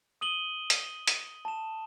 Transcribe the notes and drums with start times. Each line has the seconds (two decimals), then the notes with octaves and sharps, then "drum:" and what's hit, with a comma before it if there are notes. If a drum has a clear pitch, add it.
0.21 D#6 D#7 F#7 G7
0.70 drum: hi-hat
1.07 drum: hi-hat
1.45 A5 E7